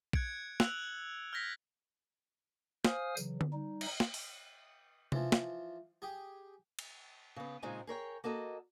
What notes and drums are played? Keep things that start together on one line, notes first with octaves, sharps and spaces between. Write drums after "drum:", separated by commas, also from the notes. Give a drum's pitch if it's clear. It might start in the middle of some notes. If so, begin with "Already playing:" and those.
F#6 G#6 C#7 D7, drum: kick
E6 F#6 D7 F7 F#7, drum: snare
F6 G6 G#6 A#6 B6
C5 F5 G#5 D#6 F6, drum: snare
C#3 E3 F#3, drum: tambourine
drum: tom D3
G3 D#4
drum: cymbal
drum: snare
drum: open hi-hat
E3 F3, drum: tom C3
drum: snare
G4 G#4
drum: cymbal
C#3 B3
A#2 C#3 G#3 C4 D#4 G#5
G#4 A#4 C#5 G5
A#3 F#4 A4 D#5